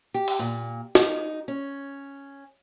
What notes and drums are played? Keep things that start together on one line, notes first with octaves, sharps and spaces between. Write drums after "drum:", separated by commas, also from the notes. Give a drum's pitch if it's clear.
G4
drum: open hi-hat
A#2
D#4, drum: snare
C#4